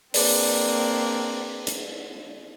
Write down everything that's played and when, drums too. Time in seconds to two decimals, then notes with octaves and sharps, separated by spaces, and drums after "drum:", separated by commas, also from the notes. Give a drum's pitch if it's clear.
0.14 A#3 C4 D4 G#4 B4 D5, drum: open hi-hat
1.67 drum: hi-hat